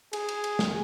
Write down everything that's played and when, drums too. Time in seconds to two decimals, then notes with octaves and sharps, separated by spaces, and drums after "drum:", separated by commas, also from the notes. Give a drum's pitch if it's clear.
0.13 G#4, drum: cymbal
0.29 drum: cymbal
0.44 drum: cymbal
0.59 drum: snare